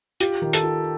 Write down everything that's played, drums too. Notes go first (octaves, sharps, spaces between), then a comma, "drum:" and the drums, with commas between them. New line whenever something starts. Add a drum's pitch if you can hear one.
F4 G4, drum: hi-hat
D#3
A4, drum: hi-hat
F4